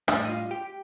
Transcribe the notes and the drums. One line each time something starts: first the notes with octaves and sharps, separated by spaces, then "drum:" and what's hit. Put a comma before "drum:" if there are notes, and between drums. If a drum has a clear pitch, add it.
A2 G3 D4 D5, drum: rim click
D#5
F4 F5
G4 G5